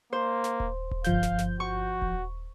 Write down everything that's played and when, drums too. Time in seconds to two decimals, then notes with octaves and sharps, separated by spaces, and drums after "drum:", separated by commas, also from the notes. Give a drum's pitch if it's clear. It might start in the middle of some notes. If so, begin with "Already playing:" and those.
0.13 A#3 C5
0.44 drum: snare
0.60 drum: kick D#1
0.91 drum: kick D#1
1.04 G1 F3 F5 G6, drum: snare
1.23 drum: snare
1.39 drum: snare
1.60 F#4 C#6
2.02 drum: kick D#1